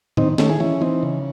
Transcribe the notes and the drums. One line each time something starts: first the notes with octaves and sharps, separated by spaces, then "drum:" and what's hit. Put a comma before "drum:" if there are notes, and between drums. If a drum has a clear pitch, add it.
D#3 C4 D#4, drum: tom
D#3 A3 C#4, drum: snare
E4 G#4
E3 C#4 E4
E3 C4 D#4
C#3